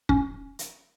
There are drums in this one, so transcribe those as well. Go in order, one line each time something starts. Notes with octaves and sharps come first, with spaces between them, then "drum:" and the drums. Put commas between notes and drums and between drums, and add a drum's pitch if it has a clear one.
C#4, drum: kick
drum: hi-hat